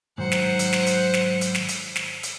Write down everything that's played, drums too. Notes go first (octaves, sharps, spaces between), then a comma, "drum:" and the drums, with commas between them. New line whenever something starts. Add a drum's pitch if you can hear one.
G#2 D#3 F#3 C5 F#5
drum: snare
drum: hi-hat
drum: snare
drum: hi-hat
drum: snare
drum: hi-hat
drum: snare
drum: hi-hat
drum: snare
drum: hi-hat